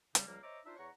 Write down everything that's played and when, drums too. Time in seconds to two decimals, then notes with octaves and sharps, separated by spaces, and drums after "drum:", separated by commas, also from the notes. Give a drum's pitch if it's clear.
0.15 C#3 G3 D#4, drum: hi-hat
0.26 C#2 F3 G3 A#3
0.42 C5 C#5 D#5 E5 A#5 D6
0.65 D4 D#4 F4 C5 E5
0.77 E2 C#5 F#5 A#5 C#6